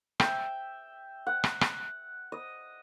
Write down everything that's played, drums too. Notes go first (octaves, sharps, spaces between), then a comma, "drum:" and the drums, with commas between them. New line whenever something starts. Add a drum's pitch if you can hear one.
E5 G5, drum: rim click
F#5
drum: rim click
drum: rim click
D#5